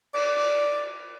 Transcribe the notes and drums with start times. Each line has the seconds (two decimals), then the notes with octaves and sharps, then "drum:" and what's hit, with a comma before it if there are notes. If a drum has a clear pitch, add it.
0.14 D5, drum: cymbal
0.37 drum: cymbal